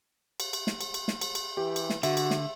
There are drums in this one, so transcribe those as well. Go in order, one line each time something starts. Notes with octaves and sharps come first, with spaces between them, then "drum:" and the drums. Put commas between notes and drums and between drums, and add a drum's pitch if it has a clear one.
drum: cymbal
drum: cymbal
drum: snare
drum: cymbal
drum: cymbal
drum: snare
drum: cymbal
drum: cymbal
E3 G4
drum: cymbal
drum: snare
D3 F#4 E5, drum: cymbal
drum: cymbal
drum: snare